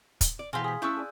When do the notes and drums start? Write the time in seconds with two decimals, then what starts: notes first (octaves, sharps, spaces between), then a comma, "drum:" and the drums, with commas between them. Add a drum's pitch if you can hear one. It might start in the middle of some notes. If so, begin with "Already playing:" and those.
0.21 drum: kick, hi-hat
0.39 D5
0.53 B2 E3 C4 G4 G#4 F5 C6 F6
0.64 G#4 D#6 B6
0.82 C#4 E4 A5 C#6 E6 F#6 G6
0.97 G#4 D5